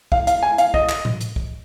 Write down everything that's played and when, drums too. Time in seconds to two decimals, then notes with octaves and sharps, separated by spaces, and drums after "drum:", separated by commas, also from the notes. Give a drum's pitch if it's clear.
0.12 F5, drum: kick
0.27 F5, drum: hi-hat
0.43 G#5
0.58 F5, drum: hi-hat
0.74 D#5, drum: kick
0.89 drum: clap
1.05 drum: tom A2
1.21 drum: hi-hat
1.36 drum: kick